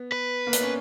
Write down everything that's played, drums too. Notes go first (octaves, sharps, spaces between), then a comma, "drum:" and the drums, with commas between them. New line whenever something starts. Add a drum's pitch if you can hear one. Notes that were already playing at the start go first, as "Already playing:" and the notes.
Already playing: B3
B4
A#3
B3, drum: hi-hat
C#4